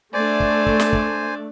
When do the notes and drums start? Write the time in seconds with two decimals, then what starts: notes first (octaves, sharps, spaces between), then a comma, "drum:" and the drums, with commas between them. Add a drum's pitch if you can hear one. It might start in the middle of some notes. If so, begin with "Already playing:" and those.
0.14 A3 D4 C5 D5 G#5
0.40 drum: kick
0.66 drum: kick
0.80 drum: snare
0.93 drum: kick